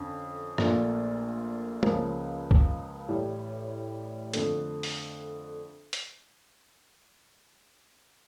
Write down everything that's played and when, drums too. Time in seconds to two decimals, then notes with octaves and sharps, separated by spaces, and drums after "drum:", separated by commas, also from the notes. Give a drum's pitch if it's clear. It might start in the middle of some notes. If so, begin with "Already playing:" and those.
Already playing: F2 D3 C#4
0.58 A#1 A#2 A3 D4 F4, drum: rim click
1.83 C#2 C#3 F3 A#3, drum: tom G#3
2.51 drum: kick
3.08 A1 A2 G3
4.34 F2 D3 A3, drum: hi-hat
4.83 drum: open hi-hat
5.93 drum: hi-hat